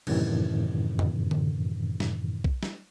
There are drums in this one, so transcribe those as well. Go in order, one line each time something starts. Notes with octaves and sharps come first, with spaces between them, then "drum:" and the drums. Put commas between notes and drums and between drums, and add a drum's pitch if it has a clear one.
F#2 A2 C3 D#3 E3, drum: cymbal
drum: tom F2
drum: tom D3
drum: snare
drum: kick B1
drum: snare